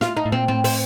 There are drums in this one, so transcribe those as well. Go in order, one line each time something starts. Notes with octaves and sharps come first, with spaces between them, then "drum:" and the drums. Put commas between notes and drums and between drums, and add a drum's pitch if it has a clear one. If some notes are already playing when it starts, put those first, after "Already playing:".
F4, drum: snare
D#4
A2
A#2 C4
A2 C4
C4, drum: open hi-hat